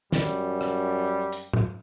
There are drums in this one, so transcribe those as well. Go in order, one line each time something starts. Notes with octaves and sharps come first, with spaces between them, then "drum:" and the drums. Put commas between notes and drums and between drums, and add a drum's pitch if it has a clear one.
F#2 G3, drum: snare
drum: rim click
drum: hi-hat
drum: tom A2